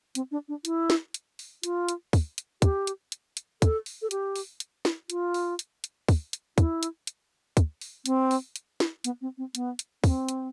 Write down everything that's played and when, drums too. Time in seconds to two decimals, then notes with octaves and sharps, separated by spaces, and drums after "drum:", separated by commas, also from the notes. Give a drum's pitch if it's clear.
0.15 C4, drum: hi-hat
0.31 D4
0.48 D4
0.65 E4, drum: hi-hat
0.90 drum: snare
1.14 drum: hi-hat
1.39 drum: open hi-hat
1.63 F4, drum: hi-hat
1.89 drum: hi-hat
2.13 drum: kick, open hi-hat
2.38 drum: hi-hat
2.62 G4, drum: kick, hi-hat
2.87 drum: hi-hat
3.12 drum: hi-hat
3.37 drum: hi-hat
3.62 A4, drum: kick, hi-hat
3.86 drum: open hi-hat
4.02 A4
4.11 G4, drum: hi-hat
4.36 drum: open hi-hat
4.60 drum: hi-hat
4.85 drum: snare
5.10 F4, drum: hi-hat
5.34 drum: open hi-hat
5.59 drum: hi-hat
5.84 drum: hi-hat
6.09 drum: kick, open hi-hat
6.33 drum: hi-hat
6.58 E4, drum: kick, hi-hat
6.83 drum: hi-hat
7.07 drum: hi-hat
7.57 drum: kick, hi-hat
7.81 drum: open hi-hat
8.06 C4, drum: hi-hat
8.31 drum: open hi-hat
8.56 drum: hi-hat
8.80 drum: snare
9.04 B3, drum: hi-hat
9.21 C4
9.38 C4
9.55 B3, drum: hi-hat
9.79 drum: hi-hat
10.04 C4, drum: kick, open hi-hat
10.29 drum: hi-hat